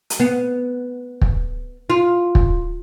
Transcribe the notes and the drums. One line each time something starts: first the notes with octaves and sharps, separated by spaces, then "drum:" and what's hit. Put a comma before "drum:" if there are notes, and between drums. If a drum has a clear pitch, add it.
drum: hi-hat
B3
drum: kick
F4
drum: kick